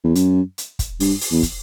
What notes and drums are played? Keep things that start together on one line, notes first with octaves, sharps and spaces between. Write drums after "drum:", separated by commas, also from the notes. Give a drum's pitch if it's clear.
E2
F#2, drum: hi-hat
drum: hi-hat
drum: kick, hi-hat
G2, drum: open hi-hat
drum: open hi-hat
E2
drum: kick, hi-hat